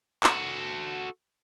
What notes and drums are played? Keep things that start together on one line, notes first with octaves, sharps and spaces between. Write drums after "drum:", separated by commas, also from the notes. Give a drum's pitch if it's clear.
F#4 A4, drum: clap